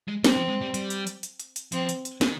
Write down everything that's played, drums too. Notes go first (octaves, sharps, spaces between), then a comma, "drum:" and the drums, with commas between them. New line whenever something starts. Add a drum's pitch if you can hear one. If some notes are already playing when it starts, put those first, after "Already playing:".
G#3
G3 C4, drum: snare
F3
G#3
G3
G3, drum: hi-hat
drum: hi-hat
drum: hi-hat
drum: hi-hat
drum: hi-hat
drum: hi-hat
F3 C4, drum: hi-hat
drum: hi-hat
drum: hi-hat
D#3, drum: snare